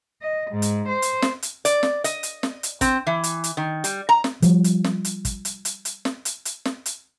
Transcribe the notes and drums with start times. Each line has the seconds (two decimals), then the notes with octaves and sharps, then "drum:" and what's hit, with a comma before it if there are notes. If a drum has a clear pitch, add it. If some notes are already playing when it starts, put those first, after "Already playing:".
0.22 D#5
0.51 G#2
0.62 drum: hi-hat
0.88 C5
1.02 drum: hi-hat
1.22 drum: snare
1.42 drum: hi-hat
1.65 D5, drum: hi-hat
1.83 drum: snare
2.04 D#5, drum: hi-hat
2.23 drum: hi-hat
2.43 drum: snare
2.63 drum: hi-hat
2.81 C4, drum: kick, hi-hat
3.07 E3
3.24 drum: hi-hat
3.44 drum: hi-hat
3.57 D#3
3.84 G3, drum: hi-hat
4.09 A#5
4.24 drum: snare
4.42 F3 G3, drum: hi-hat
4.64 drum: hi-hat
4.84 drum: snare
5.05 drum: hi-hat
5.25 drum: kick, hi-hat
5.45 drum: hi-hat
5.65 drum: hi-hat
5.85 drum: hi-hat
6.05 drum: snare
6.25 drum: hi-hat
6.45 drum: hi-hat
6.65 drum: snare
6.86 drum: hi-hat